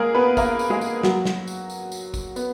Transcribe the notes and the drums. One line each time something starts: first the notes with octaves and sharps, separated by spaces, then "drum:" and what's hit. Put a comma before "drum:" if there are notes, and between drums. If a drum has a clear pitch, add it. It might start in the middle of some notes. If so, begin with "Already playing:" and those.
Already playing: G#3 A#3 G#4 A#4
B3 B4
A#3 A#4, drum: kick, tambourine
drum: tambourine
G#3 G#4
drum: tambourine
F#3 F#4, drum: snare
drum: snare
drum: tambourine
drum: tambourine
drum: tambourine
drum: kick, tambourine
B3, drum: tambourine